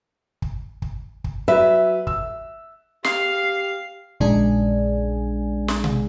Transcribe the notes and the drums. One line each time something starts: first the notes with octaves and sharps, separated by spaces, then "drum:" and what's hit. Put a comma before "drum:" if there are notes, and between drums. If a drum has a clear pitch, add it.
drum: kick
drum: kick
drum: kick
F#3 B4 E5
E6, drum: kick
G4 F5 C7, drum: snare
A#1 C#3 G#3 D4 G#4 G#5, drum: kick
drum: snare
drum: tom B2